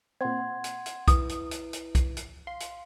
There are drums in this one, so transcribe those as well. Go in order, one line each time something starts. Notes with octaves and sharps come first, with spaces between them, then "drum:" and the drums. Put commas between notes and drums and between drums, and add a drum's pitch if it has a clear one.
A#2 C4 F#5 C6 G#6
drum: hi-hat
drum: hi-hat
E4 B4 D#6, drum: kick B1, hi-hat
drum: hi-hat
drum: hi-hat
drum: hi-hat
drum: kick B1, hi-hat
drum: hi-hat
F5 C6
drum: hi-hat